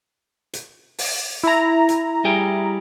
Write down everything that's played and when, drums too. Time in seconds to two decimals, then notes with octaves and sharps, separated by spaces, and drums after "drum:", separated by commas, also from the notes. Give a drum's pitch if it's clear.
0.53 drum: hi-hat
0.99 drum: open hi-hat
1.44 E4 A#5
1.89 drum: hi-hat
2.25 G3 G#4 G5